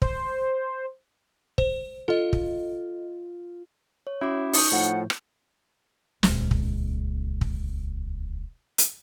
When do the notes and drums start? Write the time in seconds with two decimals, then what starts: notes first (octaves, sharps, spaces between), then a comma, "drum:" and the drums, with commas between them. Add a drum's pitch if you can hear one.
0.02 C5, drum: kick
1.58 C5, drum: kick
2.08 F4 A4 D#5
2.33 drum: kick
4.07 C#5
4.21 C#4 E4 F#4 D6
4.53 D#4 C#6 D#6 G6, drum: open hi-hat
4.72 A2 F3 F#5
5.10 drum: rim click
6.23 D#1 C#2, drum: snare
6.51 drum: kick
7.41 drum: kick
8.78 drum: hi-hat